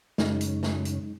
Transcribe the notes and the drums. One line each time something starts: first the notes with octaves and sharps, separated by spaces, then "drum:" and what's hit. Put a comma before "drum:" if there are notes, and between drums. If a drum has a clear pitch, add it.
F#2 C#3 G#3 C#4 D#4, drum: snare
drum: hi-hat
drum: snare
drum: hi-hat